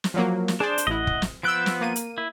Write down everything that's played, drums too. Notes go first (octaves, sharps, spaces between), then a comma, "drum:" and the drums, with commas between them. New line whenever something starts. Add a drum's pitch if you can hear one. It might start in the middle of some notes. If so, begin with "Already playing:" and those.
drum: snare
F3 F#3 A#3
drum: snare
D4 G#4 C5 D5
drum: hi-hat
A1 E4 D#5 F#5
drum: kick
drum: snare
F3 B3 E6 F#6 G6 D7
drum: snare
A#3 D#7
drum: hi-hat
E4